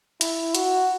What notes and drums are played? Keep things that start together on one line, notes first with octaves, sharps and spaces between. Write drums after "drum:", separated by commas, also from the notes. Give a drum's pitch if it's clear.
E4, drum: hi-hat
F#4, drum: hi-hat